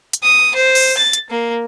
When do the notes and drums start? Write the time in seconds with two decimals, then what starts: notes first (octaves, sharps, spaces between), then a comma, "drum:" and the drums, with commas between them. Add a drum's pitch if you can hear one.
0.13 drum: hi-hat
0.23 D#6
0.56 C5
0.75 drum: open hi-hat
0.98 A6
1.13 drum: hi-hat
1.30 A#3